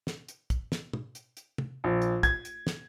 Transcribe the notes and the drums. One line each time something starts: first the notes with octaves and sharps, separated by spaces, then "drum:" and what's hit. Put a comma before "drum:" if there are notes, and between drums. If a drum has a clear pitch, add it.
drum: snare
drum: hi-hat
drum: kick, hi-hat
drum: snare
drum: tom
drum: hi-hat
drum: hi-hat
drum: tom
A#1
drum: hi-hat
G#6, drum: kick, hi-hat
drum: hi-hat
drum: snare